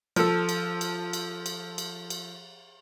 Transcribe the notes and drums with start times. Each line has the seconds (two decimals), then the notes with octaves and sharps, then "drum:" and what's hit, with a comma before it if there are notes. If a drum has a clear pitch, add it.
0.16 F3 A4, drum: cymbal
0.49 drum: cymbal
0.81 drum: cymbal
1.13 drum: cymbal
1.46 drum: cymbal
1.78 drum: cymbal
2.10 drum: cymbal